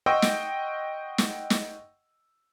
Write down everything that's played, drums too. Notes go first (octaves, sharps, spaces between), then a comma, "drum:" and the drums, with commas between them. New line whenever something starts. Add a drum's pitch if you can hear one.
D#5 F#5 G5 C6 C#6 E6
drum: snare
drum: snare
drum: snare